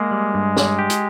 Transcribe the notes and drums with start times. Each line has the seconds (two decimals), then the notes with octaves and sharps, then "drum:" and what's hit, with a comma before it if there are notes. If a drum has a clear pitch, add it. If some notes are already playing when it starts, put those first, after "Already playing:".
Already playing: G#3 A#3
0.11 G3
0.34 G2
0.56 G3, drum: snare C#5
0.79 G4
0.90 drum: hi-hat